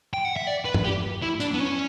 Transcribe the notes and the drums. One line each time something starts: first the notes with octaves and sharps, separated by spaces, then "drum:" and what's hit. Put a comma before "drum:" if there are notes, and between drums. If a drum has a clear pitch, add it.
G5
F#5
E5
D5
B4
drum: tom
G4
E4
D4, drum: hi-hat
B3
C#4